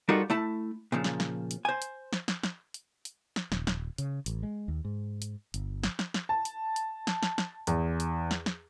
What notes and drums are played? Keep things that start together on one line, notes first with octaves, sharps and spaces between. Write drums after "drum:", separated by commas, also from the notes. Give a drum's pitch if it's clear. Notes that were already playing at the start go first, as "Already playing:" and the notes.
G3 D#4 F4 F#4 A4 A#4
A3 E4 A5
A#2 C#3 F3
drum: snare
drum: snare
drum: hi-hat
C5 G#5
drum: hi-hat
drum: snare
drum: snare
drum: snare
drum: hi-hat
drum: hi-hat
drum: snare
D#1, drum: snare
drum: snare
C#3, drum: hi-hat
A1, drum: hi-hat
G#3
D#2
G#2
drum: hi-hat
G1, drum: hi-hat
drum: snare
drum: snare
drum: snare
A5
drum: hi-hat
drum: hi-hat
drum: snare
drum: snare
drum: snare
E2, drum: hi-hat
drum: hi-hat
drum: snare
drum: snare